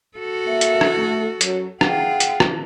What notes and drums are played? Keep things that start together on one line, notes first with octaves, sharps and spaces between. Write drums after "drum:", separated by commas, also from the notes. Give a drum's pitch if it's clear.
F#4 A4
A#3 E5
drum: hi-hat
drum: rim click
A3
F#2 F#3, drum: hi-hat
F4 G#4 F#5 G5, drum: rim click
drum: hi-hat
drum: rim click